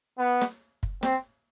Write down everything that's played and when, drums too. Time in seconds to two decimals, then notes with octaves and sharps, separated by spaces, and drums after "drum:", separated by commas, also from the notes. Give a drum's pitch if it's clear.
0.18 B3
0.41 drum: snare
0.83 drum: kick
1.03 C4, drum: snare